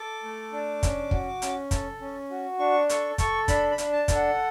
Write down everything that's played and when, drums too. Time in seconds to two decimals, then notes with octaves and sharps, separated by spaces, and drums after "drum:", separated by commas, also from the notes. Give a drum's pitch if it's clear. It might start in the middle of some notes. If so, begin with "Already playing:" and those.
Already playing: A4 D6
0.23 A3
0.52 D4
0.83 C#4, drum: kick, hi-hat
1.11 F#4, drum: kick
1.42 C#4, drum: hi-hat
1.71 A4, drum: kick, hi-hat
2.01 C#4
2.30 F#4
2.59 D4 C#6
2.89 A4 C#6, drum: hi-hat
3.18 A4 C#6, drum: kick, hi-hat
3.48 D4 B5, drum: kick, hi-hat
3.71 B5
3.78 D4, drum: hi-hat
3.92 A5
4.08 A4, drum: kick, hi-hat
4.15 F#5